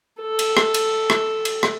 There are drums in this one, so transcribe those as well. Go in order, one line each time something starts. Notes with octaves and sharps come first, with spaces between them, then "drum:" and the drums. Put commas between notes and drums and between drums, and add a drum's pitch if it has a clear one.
A4
drum: cymbal
drum: rim click
drum: cymbal
drum: rim click
drum: cymbal
drum: rim click